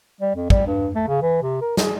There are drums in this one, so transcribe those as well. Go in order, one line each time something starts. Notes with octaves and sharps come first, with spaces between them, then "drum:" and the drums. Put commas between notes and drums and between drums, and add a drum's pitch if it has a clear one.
G3
F2
G3, drum: kick
G2
A3
C#3
E3
C3
A#4
G#4, drum: snare